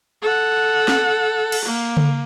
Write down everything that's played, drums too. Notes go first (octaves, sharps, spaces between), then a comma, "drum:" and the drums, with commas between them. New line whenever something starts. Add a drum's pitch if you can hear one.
A4 F#5
drum: snare
drum: cymbal
A#3
drum: tom C#3